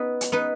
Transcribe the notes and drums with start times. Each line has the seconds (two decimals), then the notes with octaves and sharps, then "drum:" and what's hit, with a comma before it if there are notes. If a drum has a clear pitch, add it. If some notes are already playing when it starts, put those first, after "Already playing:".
Already playing: B3 D#4 B4 D#5
0.21 drum: hi-hat
0.32 B3 D#4 B4